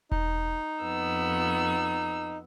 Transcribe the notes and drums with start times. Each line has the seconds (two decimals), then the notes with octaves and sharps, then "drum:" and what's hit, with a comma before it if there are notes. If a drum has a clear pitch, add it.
0.12 D#4, drum: kick E1
0.82 F2 B3 E6